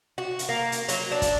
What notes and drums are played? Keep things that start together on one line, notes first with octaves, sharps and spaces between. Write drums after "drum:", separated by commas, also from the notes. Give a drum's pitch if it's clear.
F#4
drum: hi-hat
A#3
drum: hi-hat
F#3, drum: hi-hat
D4
drum: kick, hi-hat